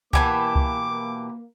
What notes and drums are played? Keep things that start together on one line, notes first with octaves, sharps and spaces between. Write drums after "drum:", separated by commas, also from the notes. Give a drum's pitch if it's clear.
B2 E3 A#3 G4 G#5 A5 B5 D6, drum: kick C#2
drum: kick C#2